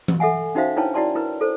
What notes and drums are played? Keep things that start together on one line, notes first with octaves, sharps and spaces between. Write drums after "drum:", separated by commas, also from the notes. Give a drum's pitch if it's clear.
drum: tom E3
A4 E5 F#5 G#5
C#4 D#4 F#4 C5 E5 F5
D4 E4 B4 C#5 G5 A5
E4 F#4 D5 A5 C6
E4 A#4 B4
A4 C5